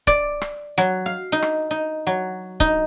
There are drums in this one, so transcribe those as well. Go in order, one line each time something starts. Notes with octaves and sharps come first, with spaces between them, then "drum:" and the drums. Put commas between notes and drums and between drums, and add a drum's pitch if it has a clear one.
D5, drum: kick
drum: rim click
F#3, drum: hi-hat
F5
D#4
drum: rim click
D#4
F#3
D#4, drum: kick